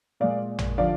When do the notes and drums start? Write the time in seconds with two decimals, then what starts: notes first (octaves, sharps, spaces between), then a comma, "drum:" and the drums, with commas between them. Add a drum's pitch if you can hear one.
0.20 A#2 G#3 D5 F5
0.59 drum: tom A1
0.78 D3 F3 D5 F5